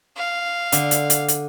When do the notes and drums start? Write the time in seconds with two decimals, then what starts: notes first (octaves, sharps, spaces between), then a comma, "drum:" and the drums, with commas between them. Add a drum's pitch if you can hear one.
0.17 F5
0.72 D3, drum: hi-hat
0.91 drum: hi-hat
1.10 drum: hi-hat
1.28 drum: hi-hat